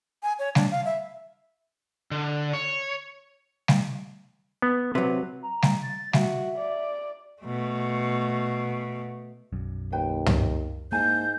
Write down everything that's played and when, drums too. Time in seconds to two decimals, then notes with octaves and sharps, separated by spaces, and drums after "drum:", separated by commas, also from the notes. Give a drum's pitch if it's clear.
0.23 G#5
0.39 C#5
0.55 D4, drum: snare G3
0.71 F5
0.85 E5
2.11 D3
2.53 C#5
3.68 drum: snare G3
4.62 B3
4.95 C3 F#3 B4
5.43 A#5
5.62 drum: snare G3
5.82 A6
6.13 F#4 E5, drum: snare G3
6.58 D5
7.42 B2 A3
9.53 B1 F#2
9.92 D#2 B4 G5
10.26 drum: tom
10.92 G#2 A#3 E4 G#5 A5 G6